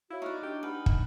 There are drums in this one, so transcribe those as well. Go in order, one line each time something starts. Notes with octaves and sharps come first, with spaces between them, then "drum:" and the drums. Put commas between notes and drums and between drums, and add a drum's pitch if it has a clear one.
E4 F#4 C#5 F5
D#4 D5 C#6 F6 F#6
D4 G4 D#5
D#4 B4 F#5 G#5 F6
drum: kick